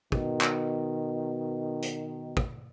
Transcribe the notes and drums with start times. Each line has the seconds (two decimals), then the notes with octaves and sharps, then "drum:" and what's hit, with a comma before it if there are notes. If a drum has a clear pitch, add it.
0.12 B2 D#3, drum: kick
0.41 drum: clap
1.82 drum: hi-hat
2.37 drum: kick